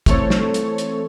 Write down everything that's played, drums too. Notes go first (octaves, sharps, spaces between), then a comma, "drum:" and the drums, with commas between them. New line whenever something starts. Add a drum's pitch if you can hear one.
E3 A3 C4 A4 C#5, drum: kick, hi-hat
drum: snare
drum: hi-hat
drum: hi-hat